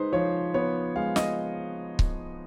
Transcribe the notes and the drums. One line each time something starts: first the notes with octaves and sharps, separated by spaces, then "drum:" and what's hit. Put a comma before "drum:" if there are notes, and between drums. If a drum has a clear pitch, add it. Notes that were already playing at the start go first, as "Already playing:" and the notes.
Already playing: G#3 D#4 B4 C5
F3 C#5
B3 C#5
G#3 F5
D#5, drum: snare
drum: kick C#1